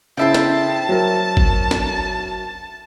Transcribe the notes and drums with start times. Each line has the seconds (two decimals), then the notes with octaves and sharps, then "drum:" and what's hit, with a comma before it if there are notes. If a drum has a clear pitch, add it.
0.17 C#3 E4 C5 E5 G5 A5
0.34 drum: snare
0.89 F#3 A#4
1.37 drum: kick
1.71 drum: snare